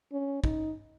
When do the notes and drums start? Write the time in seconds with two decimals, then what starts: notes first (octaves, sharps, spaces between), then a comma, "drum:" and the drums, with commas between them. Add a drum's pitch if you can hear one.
0.12 C#4
0.44 D#4, drum: kick